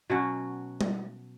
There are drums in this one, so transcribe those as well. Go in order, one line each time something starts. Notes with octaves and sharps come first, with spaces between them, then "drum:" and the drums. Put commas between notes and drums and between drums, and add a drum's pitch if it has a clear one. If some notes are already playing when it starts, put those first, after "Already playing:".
B2 F#3 C#4 F#4
drum: tom G3